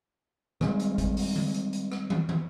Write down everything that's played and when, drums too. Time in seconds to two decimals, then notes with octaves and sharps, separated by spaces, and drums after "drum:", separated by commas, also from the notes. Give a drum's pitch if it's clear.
0.61 D#3 G3 G#3 C4, drum: rim click
0.80 drum: hi-hat
0.98 drum: kick G#1, hi-hat
1.17 drum: open hi-hat
1.36 drum: tom D3
1.54 drum: hi-hat
1.73 drum: hi-hat
1.92 drum: rim click
2.10 drum: tom
2.29 drum: tom